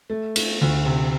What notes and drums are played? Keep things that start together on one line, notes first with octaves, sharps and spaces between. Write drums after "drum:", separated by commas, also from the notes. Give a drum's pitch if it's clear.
A3
A3, drum: cymbal
D2
C3